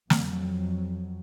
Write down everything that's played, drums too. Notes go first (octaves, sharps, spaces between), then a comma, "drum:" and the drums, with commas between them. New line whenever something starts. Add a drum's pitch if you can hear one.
F2 F#3, drum: snare